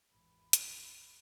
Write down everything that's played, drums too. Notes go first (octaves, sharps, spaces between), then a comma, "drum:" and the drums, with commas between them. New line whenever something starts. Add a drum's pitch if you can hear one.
G#1 E2 B5
drum: hi-hat